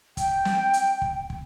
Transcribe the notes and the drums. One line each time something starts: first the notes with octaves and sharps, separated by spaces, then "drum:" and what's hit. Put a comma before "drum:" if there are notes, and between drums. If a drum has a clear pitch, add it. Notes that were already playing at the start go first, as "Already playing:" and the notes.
G5, drum: kick, hi-hat
drum: snare
drum: hi-hat
drum: kick
drum: kick